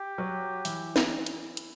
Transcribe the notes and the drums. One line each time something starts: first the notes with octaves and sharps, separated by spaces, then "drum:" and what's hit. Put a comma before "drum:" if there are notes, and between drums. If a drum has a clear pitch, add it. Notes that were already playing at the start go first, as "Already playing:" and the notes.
Already playing: G4
F#3 F#4
E3 E4, drum: open hi-hat
drum: snare
drum: hi-hat
drum: hi-hat